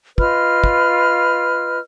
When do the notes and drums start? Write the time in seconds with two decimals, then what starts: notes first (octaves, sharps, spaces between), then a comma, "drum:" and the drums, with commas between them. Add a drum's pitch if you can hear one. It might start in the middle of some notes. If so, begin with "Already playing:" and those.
0.18 F4 B4 D#5 F6, drum: kick
0.64 drum: kick